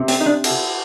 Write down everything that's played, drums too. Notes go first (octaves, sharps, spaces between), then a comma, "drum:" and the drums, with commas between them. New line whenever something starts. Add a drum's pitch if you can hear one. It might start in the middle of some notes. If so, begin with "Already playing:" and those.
Already playing: C3
C4, drum: open hi-hat
D#4
D4
drum: cymbal